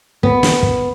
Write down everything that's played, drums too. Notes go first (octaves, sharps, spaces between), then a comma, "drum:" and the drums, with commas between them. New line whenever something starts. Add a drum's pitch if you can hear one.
B3, drum: kick
drum: snare
drum: kick